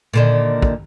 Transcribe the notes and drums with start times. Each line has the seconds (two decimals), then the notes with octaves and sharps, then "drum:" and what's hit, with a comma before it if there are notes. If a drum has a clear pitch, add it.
0.13 A#2 D3 D#3
0.62 drum: kick